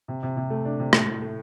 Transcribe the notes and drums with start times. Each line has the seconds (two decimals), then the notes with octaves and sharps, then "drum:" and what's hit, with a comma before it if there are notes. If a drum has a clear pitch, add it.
0.08 C3
0.23 C3
0.37 C3
0.50 A3
0.65 D4
0.80 C3
0.93 A2, drum: rim click
1.07 A2
1.22 A3